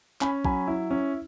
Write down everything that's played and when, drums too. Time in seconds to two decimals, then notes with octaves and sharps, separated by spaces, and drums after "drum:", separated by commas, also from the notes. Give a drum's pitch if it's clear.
0.21 C#4 G#5 B5, drum: clap
0.45 F#3 G#5 B5, drum: kick A1
0.68 E4
0.91 C#4